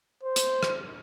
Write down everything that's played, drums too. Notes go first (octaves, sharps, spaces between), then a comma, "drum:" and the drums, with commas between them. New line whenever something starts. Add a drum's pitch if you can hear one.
C5
drum: hi-hat
drum: rim click